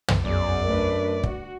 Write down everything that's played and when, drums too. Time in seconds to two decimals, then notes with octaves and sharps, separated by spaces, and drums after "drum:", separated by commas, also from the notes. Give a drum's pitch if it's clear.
0.08 drum: tom
0.25 F#2 B3 G#4 D5
0.64 A3 D4 A#4 B4
1.23 F#4, drum: kick